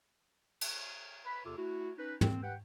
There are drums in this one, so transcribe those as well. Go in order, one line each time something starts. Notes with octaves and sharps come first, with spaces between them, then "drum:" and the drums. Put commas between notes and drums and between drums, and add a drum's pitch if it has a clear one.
drum: cymbal
B4 B5
E2 C3 F4 A4 D6
A3 E4 F#4
C#4 D#4 B4
C4, drum: tom
G4 B4 F#5 G5